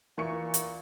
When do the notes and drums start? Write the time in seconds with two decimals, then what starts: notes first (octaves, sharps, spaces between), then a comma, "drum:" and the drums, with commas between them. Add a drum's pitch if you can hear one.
0.18 A#2 E3 C#6 C#7
0.54 drum: hi-hat